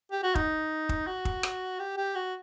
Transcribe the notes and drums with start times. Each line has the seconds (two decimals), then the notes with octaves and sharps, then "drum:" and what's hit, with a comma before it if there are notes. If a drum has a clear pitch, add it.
0.12 G4
0.23 F#4
0.35 D#4, drum: kick
0.89 drum: kick
1.07 F#4
1.25 drum: kick
1.43 drum: rim click
1.79 G4
1.97 G4
2.15 F#4